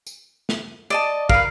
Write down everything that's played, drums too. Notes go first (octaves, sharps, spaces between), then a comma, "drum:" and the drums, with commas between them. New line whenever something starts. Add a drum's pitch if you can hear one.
drum: tambourine
drum: snare
D5 D#5 A5
A#4 B4 F5, drum: kick